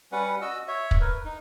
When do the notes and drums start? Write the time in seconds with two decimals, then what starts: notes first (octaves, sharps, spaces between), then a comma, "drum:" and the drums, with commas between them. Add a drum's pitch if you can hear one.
0.12 G3 C#4 B4 F#5
0.42 F#4 D#5 E6
0.68 C#5 E5
0.91 drum: kick
1.01 A#4 B4
1.25 D#4